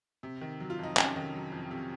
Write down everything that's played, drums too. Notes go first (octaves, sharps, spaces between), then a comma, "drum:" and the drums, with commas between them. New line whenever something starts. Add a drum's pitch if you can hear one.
C3
D#3
F#3
F4
F2 D#4
C3 C#4, drum: clap
D#3
F#3
F2
C3